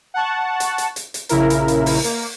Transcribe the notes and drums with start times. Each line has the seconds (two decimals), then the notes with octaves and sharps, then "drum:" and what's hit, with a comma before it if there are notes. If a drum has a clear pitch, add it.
0.14 F#5 A5 C#6
0.60 drum: hi-hat
0.78 drum: hi-hat
0.96 drum: hi-hat
1.14 drum: hi-hat
1.29 A#1 C#3 E4 A#4, drum: hi-hat
1.50 drum: hi-hat
1.68 drum: hi-hat
1.86 drum: open hi-hat
2.04 A#3, drum: hi-hat